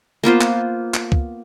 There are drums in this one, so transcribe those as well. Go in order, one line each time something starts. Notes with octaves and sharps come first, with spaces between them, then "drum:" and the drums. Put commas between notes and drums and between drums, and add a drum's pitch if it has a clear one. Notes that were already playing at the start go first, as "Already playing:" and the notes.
A#3 B3 F4 C5
drum: clap
drum: clap
drum: kick C#2